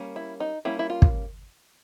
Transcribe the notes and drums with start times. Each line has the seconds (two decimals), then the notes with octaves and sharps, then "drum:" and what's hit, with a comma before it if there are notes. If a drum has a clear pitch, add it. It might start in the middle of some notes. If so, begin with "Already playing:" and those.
Already playing: G3 A#3 C#4
0.16 E4
0.40 D#4
0.65 G3 A#3 C#4 E4
0.79 E4
0.90 F4
1.02 drum: kick